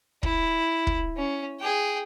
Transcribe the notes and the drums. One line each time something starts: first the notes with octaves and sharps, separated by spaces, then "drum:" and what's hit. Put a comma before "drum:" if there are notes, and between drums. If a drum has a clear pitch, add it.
E4, drum: kick
drum: kick
C#4
G#4 G5